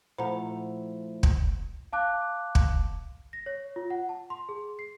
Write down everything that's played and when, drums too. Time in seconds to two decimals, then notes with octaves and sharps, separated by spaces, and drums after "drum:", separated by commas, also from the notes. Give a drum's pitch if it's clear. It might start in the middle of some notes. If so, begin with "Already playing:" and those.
0.18 A#2 F3 A3 E4 C5 F#5 A#5
1.23 drum: kick
1.93 F5 A5 D6 F#6
2.55 drum: kick
3.33 A#6
3.46 C#5
3.76 F4
3.90 F#5
4.09 A5
4.30 C6
4.49 G#4
4.79 C7